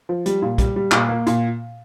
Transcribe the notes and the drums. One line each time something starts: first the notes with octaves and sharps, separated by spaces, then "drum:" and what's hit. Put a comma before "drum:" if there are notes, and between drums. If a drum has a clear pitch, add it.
F3
G3, drum: hi-hat
A#2
G3, drum: kick, hi-hat
G3
A#2, drum: clap
A#3
A#2, drum: hi-hat